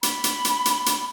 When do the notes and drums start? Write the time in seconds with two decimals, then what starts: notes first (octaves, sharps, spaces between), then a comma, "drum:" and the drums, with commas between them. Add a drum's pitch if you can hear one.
0.03 B5, drum: hi-hat
0.24 drum: hi-hat
0.45 drum: hi-hat
0.65 drum: hi-hat
0.86 drum: hi-hat